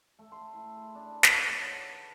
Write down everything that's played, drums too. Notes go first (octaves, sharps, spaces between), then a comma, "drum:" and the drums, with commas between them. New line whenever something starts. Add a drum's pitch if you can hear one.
A3
C6
E4
G#4
D4
D#4, drum: snare
C#5
D3
B4